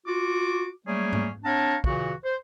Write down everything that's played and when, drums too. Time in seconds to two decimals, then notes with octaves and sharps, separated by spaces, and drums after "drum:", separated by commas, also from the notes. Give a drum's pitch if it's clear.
0.05 F4 F#4 D6
0.86 F#3 G3 A3 A#3 C#4 G#4
1.13 drum: tom G#2
1.44 C4 D4 C#5 F5 A5 A#5
1.84 A#2 C#3 E3 F#4, drum: kick
2.23 C5